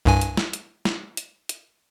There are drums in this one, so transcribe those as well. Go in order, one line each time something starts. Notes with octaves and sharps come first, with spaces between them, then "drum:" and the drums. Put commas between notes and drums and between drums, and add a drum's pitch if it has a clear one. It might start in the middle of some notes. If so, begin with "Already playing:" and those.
C2 G2 G#5
drum: hi-hat
drum: snare
drum: hi-hat
drum: snare
drum: hi-hat
drum: hi-hat